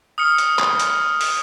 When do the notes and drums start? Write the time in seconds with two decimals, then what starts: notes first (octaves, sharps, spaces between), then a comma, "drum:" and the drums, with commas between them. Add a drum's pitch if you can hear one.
0.18 D#6 F6 C#7
0.38 drum: hi-hat
0.59 drum: clap
0.80 drum: hi-hat
1.21 drum: open hi-hat